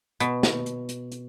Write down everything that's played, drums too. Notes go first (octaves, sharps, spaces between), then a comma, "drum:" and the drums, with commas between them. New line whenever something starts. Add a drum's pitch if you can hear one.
B2, drum: hi-hat
drum: snare
drum: hi-hat
drum: hi-hat
drum: hi-hat